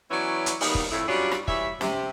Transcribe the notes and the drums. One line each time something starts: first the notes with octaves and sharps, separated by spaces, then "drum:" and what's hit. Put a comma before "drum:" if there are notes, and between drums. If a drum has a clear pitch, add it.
E3 F#3 B3 C#4 E4 D5
drum: hi-hat
D#3 G3 A#3 B3 D#4, drum: open hi-hat
drum: kick
F2 A2 E4
F#3 G3 C#4 D4 F4 F#4
drum: rim click
E3 G3 C#5 E5, drum: kick
C3, drum: snare